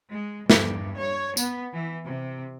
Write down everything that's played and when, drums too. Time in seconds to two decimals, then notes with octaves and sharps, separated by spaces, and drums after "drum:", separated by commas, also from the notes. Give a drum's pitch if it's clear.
0.12 G#3
0.50 G2, drum: snare
1.00 C#5
1.37 B3, drum: tambourine
1.74 E3
2.07 C3